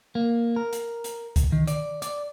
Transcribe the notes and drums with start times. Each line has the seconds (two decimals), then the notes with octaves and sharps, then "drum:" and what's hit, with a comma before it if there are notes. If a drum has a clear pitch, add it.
0.15 A#3
0.56 A#4
0.73 drum: hi-hat
1.04 drum: hi-hat
1.36 drum: kick C2, hi-hat
1.52 D#3
1.68 D5, drum: hi-hat
2.02 D5, drum: hi-hat